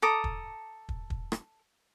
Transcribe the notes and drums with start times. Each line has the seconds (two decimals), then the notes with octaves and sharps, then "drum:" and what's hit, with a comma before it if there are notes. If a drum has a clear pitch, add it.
0.02 A4 A#5 D6 D#6
0.24 drum: kick
0.89 drum: kick
1.10 drum: kick
1.32 drum: rim click